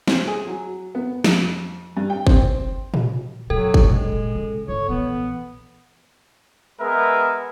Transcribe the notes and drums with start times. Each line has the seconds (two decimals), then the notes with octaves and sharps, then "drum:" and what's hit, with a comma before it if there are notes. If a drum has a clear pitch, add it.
0.08 C4, drum: snare
0.27 G#4
0.47 F#3
0.95 B3
1.24 F2, drum: snare
1.97 G2
2.10 G5
2.27 C4, drum: kick
2.94 drum: tom A#2
3.50 A#2 C#3 F#3 A4
3.74 drum: kick
3.89 A#1 G#3
4.35 C#3
4.68 G1 C#5
4.89 A#1 E3 B3
6.80 G#3 B3 G#4 A#4 B4 E5